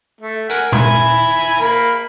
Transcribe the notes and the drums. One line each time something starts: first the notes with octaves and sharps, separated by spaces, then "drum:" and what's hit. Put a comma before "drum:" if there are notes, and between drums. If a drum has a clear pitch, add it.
A3
A#4 F#5 G#5, drum: tambourine
E5 G#5 B5, drum: tom A#2
A#3 B5